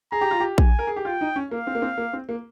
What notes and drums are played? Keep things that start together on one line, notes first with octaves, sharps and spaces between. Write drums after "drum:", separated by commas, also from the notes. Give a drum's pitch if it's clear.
G#4 A#5
G4
F4
G4
G#5, drum: kick A#1
A#4
G#4
G4
F4 G5
D#4
C#4
A#3 F5
C4
A#3
C4
A#3
C4
A#3